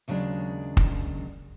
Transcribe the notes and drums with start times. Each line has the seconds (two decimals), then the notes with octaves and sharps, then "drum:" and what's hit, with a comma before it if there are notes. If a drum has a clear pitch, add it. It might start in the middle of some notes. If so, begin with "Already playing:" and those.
0.08 D#2 C#3 F#3 G#3 D4
0.77 drum: kick